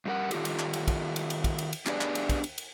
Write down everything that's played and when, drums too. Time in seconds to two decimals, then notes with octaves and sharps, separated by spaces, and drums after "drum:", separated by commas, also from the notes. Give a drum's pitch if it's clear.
0.06 G2 G3 G4 A#4 F#5
0.31 D#3 F4 G4 A4, drum: cymbal
0.45 drum: cymbal
0.59 drum: clap
0.73 drum: cymbal
0.88 drum: kick, cymbal
1.16 drum: cymbal
1.30 drum: cymbal
1.44 drum: kick, cymbal
1.59 drum: cymbal
1.73 drum: cymbal
1.86 B3 D4 G4 G#4 B4 D5, drum: clap
2.01 drum: clap
2.15 drum: cymbal
2.29 drum: kick, cymbal
2.44 drum: cymbal
2.58 drum: cymbal